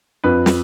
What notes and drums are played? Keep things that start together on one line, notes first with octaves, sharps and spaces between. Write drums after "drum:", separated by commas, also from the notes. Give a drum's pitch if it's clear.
F2 B4
drum: snare